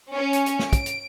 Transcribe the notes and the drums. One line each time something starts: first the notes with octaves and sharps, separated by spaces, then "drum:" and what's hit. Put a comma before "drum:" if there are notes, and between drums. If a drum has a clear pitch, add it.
C#4
drum: hi-hat
drum: hi-hat
drum: snare
D7, drum: kick, hi-hat
drum: hi-hat